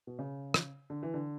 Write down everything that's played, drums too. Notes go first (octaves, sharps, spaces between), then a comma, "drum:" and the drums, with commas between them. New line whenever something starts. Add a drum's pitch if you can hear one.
B2
C#3
drum: rim click
D3
E3
D3